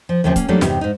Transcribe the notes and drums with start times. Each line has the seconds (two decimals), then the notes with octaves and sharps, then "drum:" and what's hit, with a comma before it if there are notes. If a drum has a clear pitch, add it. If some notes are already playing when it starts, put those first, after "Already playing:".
0.09 F3
0.24 D#2 C#3 E3 F3 B3 C4
0.36 A#3 C#4, drum: kick C#1, hi-hat
0.48 F#3 G3 A3 A#3 D4 D#4
0.61 E2 G2 C3 B3 D#4, drum: snare
0.81 G#2 D#4